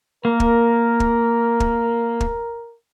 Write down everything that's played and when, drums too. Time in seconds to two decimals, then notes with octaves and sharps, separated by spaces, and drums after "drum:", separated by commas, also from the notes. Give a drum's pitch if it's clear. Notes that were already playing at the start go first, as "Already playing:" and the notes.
0.25 A#3 A#4
0.40 drum: kick
1.00 drum: kick
1.60 drum: kick
2.20 drum: kick